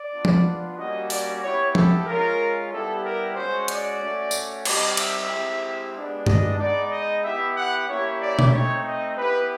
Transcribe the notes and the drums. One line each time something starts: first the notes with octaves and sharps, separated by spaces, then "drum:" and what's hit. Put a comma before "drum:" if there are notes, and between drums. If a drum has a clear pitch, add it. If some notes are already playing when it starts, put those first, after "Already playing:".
Already playing: D5
B3 D4 F4
drum: tom F3
G3 A#3 C#4 F#4 D#5
D5, drum: open hi-hat
B3 E4 G4 C#5
A4, drum: tom F3
G#3 C#4 F4 A#4
G3 B3 E4 G4 A4
A#4
G#3 C#4 F#4 C5
D5, drum: hi-hat
A3 C#4 F#4
drum: tambourine
G3 C4 D#4 G4 D#5, drum: cymbal
E5, drum: cymbal
G#3 C4 E4 G4
G#3 B3 D4 G4
D#5, drum: tom G2
G#3 B3 D#4 D5
D#5
B3 E4 G4 E5
F#5
A#3 C#4 E4 G4 C#5
D5
drum: tom B2
A3 C4 D#4 C#5
D#5
B3 E4 G4 B4